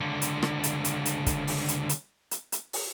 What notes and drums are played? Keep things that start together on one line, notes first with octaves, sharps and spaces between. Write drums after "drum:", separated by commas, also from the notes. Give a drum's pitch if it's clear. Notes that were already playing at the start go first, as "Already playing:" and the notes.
C#2 D3
drum: hi-hat
drum: rim click
drum: hi-hat
drum: hi-hat
drum: hi-hat
drum: kick, hi-hat
drum: open hi-hat
drum: hi-hat
drum: hi-hat
drum: hi-hat
drum: hi-hat
drum: open hi-hat